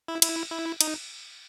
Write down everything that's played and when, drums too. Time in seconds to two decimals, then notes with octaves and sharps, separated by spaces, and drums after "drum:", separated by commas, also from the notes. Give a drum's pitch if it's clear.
0.08 E4
0.22 E4, drum: cymbal
0.52 E4
0.81 D#4, drum: cymbal